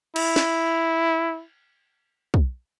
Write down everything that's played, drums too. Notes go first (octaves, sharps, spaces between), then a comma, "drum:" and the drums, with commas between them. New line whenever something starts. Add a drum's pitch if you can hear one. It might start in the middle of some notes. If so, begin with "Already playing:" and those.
E4, drum: cymbal
drum: snare
drum: kick